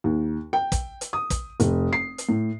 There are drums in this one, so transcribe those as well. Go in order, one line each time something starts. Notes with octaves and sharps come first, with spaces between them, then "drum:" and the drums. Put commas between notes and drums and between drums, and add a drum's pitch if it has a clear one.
D#2
G5
drum: kick, hi-hat
drum: hi-hat
D#6
drum: kick, hi-hat
F1, drum: hi-hat
C7
drum: hi-hat
A2